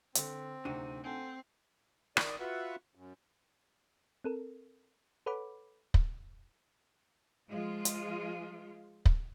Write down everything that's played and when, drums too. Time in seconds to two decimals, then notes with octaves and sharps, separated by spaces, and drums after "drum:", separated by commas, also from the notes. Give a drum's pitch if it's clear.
0.15 D3 C4, drum: hi-hat
0.65 D1 C3 D4 D#4 F#4 D#7
1.04 C4 A4 F#5 G#5
2.17 D#3 D5 D#6, drum: rim click
2.40 F4 F#4 B4 E5 F#5
2.95 F#2
4.24 C4 A4 A#4
5.26 A4 B4 C#5 F#5 B5 D6
5.94 drum: kick
7.49 F3 G#3 F4
7.85 drum: hi-hat
9.06 drum: kick